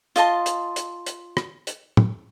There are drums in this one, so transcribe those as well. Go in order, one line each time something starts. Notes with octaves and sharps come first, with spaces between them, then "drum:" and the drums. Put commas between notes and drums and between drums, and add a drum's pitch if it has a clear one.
F4 D#5 A5 C6, drum: hi-hat
drum: hi-hat
drum: hi-hat
drum: hi-hat
drum: rim click
drum: hi-hat
drum: tom